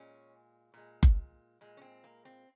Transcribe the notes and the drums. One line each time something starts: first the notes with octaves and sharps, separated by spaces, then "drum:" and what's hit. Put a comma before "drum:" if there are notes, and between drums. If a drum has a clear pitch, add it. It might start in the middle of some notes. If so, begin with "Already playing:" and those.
Already playing: A#2 G#3 C#4
A#2 G#3
drum: kick F#1
A#2 G#3
C#4
C4
A#3
C4